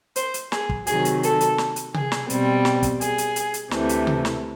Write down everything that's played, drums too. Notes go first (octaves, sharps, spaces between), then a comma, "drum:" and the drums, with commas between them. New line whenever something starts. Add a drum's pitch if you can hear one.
C5, drum: hi-hat
drum: hi-hat
G#4, drum: snare
drum: kick
C3 D#3 F#3 G#4, drum: hi-hat
drum: hi-hat
A4, drum: hi-hat
drum: hi-hat
drum: snare
drum: hi-hat
G#4, drum: tom C3
drum: snare
B2 G3 C4, drum: hi-hat
drum: snare
drum: kick, hi-hat
G#4, drum: hi-hat
drum: hi-hat
drum: hi-hat
drum: hi-hat
D2 C3 E3 A3, drum: snare
drum: hi-hat
drum: tom C3
drum: snare